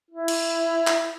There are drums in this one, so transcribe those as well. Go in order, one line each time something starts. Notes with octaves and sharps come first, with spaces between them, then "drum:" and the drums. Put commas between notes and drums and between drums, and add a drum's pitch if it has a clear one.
E4
drum: cymbal
drum: clap